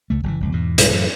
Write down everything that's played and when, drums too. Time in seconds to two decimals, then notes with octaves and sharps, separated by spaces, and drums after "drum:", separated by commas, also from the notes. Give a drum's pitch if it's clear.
0.10 C#2 A3
0.24 F#1 C#3 E3
0.40 F1 C#2
0.52 E2 G#2 B2
0.78 B1 G2 A#2 G#3, drum: hi-hat
0.90 F#2 A2 E3